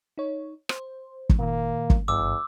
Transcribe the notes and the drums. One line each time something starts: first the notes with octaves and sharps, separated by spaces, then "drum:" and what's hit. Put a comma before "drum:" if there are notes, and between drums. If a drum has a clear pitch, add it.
D#4 C#5
C5, drum: rim click
drum: kick G1
A#2 D#3 A#3
drum: kick G1
G#1 E2 G2 D6 E6